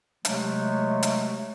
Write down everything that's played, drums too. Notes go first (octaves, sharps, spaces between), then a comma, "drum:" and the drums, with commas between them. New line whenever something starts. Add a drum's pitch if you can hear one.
C3 F#3 G#3 A3, drum: hi-hat
drum: hi-hat